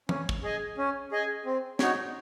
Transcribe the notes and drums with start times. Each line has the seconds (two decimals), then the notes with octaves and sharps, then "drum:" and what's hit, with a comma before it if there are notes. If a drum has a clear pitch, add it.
0.09 C#4, drum: tom E3
0.29 drum: kick
0.43 G#4 D#5 G#5
0.78 C#4
1.12 G#4 D#5 G#5
1.45 C4
1.79 D#4 F#4 C#5, drum: snare